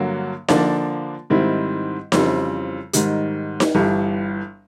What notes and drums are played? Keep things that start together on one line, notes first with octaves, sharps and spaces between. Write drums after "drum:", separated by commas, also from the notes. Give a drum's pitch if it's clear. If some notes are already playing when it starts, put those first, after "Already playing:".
Already playing: G2 D3 F#3 A#3
D3 F3 A#3 D4, drum: snare D#4
G#2 D#3 G3 C4 E4
F2 C#3 E3 G3 C4, drum: snare D#4
G#2 D#3 G3, drum: hi-hat
drum: snare D#4
G1 G2 E3 G3